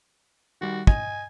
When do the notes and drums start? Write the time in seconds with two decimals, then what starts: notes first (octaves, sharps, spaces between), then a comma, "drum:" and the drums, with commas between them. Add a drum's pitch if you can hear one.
0.61 D#3 G3 F#4
0.87 D#5 G#5, drum: kick